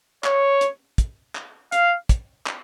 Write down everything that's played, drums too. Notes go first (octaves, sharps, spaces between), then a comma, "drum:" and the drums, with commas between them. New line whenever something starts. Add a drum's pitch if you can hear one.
C#5, drum: clap
drum: hi-hat
drum: kick, hi-hat
drum: clap
F5, drum: hi-hat
drum: kick, hi-hat
drum: clap